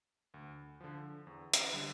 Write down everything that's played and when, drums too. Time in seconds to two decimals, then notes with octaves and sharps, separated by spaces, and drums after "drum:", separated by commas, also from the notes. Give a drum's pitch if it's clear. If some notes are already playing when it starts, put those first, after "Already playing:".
0.34 D2
0.81 D3 F3
1.27 E2
1.54 drum: hi-hat
1.73 D3 G3